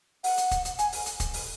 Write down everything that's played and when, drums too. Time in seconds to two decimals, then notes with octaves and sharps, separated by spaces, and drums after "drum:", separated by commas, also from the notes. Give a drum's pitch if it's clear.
0.24 F#5, drum: open hi-hat
0.38 drum: hi-hat
0.51 drum: kick, hi-hat
0.65 drum: hi-hat
0.79 G#5, drum: hi-hat
0.92 drum: open hi-hat
1.06 drum: hi-hat
1.20 drum: kick, hi-hat
1.34 drum: open hi-hat